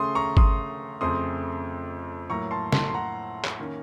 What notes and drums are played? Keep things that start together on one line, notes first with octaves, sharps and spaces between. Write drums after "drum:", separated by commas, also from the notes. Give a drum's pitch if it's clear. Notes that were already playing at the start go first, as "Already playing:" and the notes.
Already playing: C#3 A3 C#4 C6 D#6
A#5 C#6
C6 D#6, drum: kick G#1
F2 C#3 A3 C4 C6 D#6
A2 F#3 A#3 A#5 C#6
A5 C6
A5 C6, drum: snare
C6
F#5 A#5
drum: clap
D#3 A#3 C#4